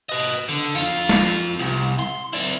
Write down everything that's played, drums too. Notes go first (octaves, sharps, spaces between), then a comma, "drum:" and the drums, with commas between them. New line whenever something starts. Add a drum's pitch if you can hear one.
B4 D#5
drum: hi-hat
D3
drum: hi-hat
F2 F4
drum: snare
C2
C6, drum: hi-hat
E4 D5
drum: hi-hat